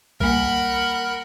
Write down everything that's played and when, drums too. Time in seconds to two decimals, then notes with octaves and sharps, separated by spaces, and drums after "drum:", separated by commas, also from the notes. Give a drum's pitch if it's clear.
0.20 G3 A#3 A#4 F#5 B5, drum: kick B1